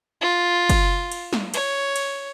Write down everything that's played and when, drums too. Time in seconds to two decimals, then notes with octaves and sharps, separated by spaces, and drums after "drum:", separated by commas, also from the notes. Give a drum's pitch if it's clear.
0.21 F4
0.70 drum: kick F#1, cymbal
1.12 drum: cymbal
1.33 drum: snare
1.54 C#5, drum: cymbal
1.96 drum: cymbal